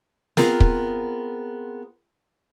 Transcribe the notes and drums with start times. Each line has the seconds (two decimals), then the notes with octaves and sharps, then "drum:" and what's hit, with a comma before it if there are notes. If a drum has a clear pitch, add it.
0.37 B3 C4 F4 G#4 A#4, drum: snare
0.60 drum: kick